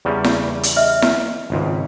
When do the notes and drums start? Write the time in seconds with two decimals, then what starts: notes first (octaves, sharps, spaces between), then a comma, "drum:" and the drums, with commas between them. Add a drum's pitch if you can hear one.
0.05 E2 C#3 G3
0.24 drum: snare E4
0.63 drum: hi-hat
0.77 D#5 E5 F6
1.02 drum: snare E4
1.50 G#1 C#2 G#2